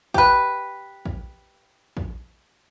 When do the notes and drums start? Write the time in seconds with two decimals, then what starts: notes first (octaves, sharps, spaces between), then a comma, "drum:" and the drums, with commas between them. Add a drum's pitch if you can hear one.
0.14 G4 B4, drum: kick
1.06 drum: kick
1.97 drum: kick